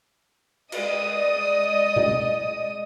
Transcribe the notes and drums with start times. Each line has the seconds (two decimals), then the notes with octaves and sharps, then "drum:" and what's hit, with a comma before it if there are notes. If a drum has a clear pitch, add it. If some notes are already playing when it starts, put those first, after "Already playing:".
0.72 G#3 D5 D#5 D#6, drum: cymbal
1.96 drum: tom A#2